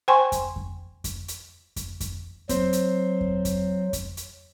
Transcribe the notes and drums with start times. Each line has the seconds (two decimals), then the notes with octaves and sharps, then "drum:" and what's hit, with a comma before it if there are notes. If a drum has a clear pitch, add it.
0.08 C5 G5 G#5 C6 C#6
0.32 drum: kick F2, hi-hat
0.56 drum: kick F2
1.04 drum: kick F2, hi-hat
1.28 drum: hi-hat
1.76 drum: kick F2, hi-hat
2.00 drum: kick F2, hi-hat
2.49 F#3 C4 C5, drum: kick F2, hi-hat
2.73 drum: hi-hat
3.21 drum: kick F2
3.45 drum: kick F2, hi-hat
3.93 drum: kick F2, hi-hat
4.17 drum: hi-hat